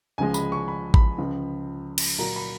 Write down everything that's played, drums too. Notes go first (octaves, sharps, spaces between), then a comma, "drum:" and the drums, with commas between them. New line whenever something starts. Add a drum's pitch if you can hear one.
C#2 C#3 F3 G#3 G#5
B5, drum: tambourine
C#6
B5
B5, drum: kick A1
C#2 C#3 F3
drum: cymbal
A#2 F#3 A#3 A#5
B5